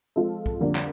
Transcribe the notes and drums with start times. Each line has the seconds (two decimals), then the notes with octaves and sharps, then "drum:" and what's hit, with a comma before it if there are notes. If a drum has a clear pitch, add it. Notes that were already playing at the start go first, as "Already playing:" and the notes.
0.16 F3 G#3 C4 F4 A4
0.46 drum: kick
0.61 F2 D3 G3 A#3 D4
0.75 drum: clap